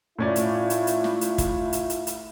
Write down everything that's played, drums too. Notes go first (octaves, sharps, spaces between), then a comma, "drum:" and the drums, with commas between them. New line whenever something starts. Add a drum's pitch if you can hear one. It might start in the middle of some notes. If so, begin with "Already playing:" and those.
A2 C#4 E4 F4 D5
drum: hi-hat
drum: hi-hat
drum: hi-hat
drum: snare
drum: hi-hat
drum: kick, hi-hat
drum: hi-hat
drum: hi-hat
drum: hi-hat